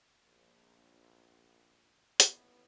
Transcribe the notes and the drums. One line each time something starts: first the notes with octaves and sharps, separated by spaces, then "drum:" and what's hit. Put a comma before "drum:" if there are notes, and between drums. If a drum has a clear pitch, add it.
A#1
A1 D#2 B3 E4 B4, drum: hi-hat